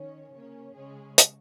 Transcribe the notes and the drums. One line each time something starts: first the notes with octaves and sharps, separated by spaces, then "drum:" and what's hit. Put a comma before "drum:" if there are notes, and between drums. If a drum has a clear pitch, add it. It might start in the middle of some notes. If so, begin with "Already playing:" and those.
Already playing: D#3 C#4 C#5
C#3 A#3 C#4 C#5
C#3 G#3 C#4 G#4
drum: hi-hat